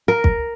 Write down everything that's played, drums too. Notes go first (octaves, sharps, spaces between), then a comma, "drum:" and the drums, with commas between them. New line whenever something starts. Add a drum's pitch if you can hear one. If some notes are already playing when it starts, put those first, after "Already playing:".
A#4
drum: kick